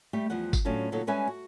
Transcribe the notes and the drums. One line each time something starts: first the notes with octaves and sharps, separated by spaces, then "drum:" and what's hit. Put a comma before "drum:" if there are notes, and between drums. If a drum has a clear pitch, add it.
G3 A3 G4
E2 F3 G3 C5 F#5
drum: kick G1, tambourine
A2 F#3 C#4 D4 F4 A5
A#2 C#3 F#3 D#4 F#4 A4
G3 G#3 C#4 B4 E5 G#5
F#4